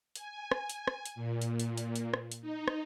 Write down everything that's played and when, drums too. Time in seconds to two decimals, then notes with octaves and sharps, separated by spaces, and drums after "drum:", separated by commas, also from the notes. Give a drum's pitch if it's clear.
0.15 G#5, drum: hi-hat
0.52 drum: rim click
0.70 drum: hi-hat
0.88 drum: rim click
1.06 drum: hi-hat
1.15 A#2
1.42 drum: hi-hat
1.60 drum: hi-hat
1.78 drum: hi-hat
1.96 drum: hi-hat
2.14 drum: rim click
2.32 drum: hi-hat
2.41 D#4
2.68 drum: rim click